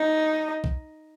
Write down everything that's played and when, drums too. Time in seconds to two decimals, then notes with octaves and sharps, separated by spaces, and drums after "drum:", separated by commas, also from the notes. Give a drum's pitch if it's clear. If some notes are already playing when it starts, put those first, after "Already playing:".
Already playing: D#4
0.64 drum: kick B1